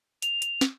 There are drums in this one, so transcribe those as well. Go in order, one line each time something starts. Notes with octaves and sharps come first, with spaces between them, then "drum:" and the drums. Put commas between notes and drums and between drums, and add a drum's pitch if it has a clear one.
F7, drum: hi-hat
drum: hi-hat
drum: snare